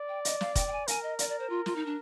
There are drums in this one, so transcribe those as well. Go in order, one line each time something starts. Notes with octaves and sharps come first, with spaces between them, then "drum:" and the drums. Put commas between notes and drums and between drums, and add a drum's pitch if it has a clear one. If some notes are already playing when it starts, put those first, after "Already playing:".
Already playing: D5
G5
D#5, drum: hi-hat
F5, drum: snare
G5, drum: kick, hi-hat
G5
G#5
A#4 G#5, drum: hi-hat
D#5
D5, drum: hi-hat
D5
C5
F4
F4, drum: snare
D#4
D4